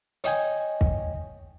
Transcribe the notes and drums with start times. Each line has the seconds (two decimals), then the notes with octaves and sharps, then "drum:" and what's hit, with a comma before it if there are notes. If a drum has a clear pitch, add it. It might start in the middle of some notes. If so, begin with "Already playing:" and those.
0.24 C#5 D#5 G5 G#5, drum: hi-hat
0.81 drum: kick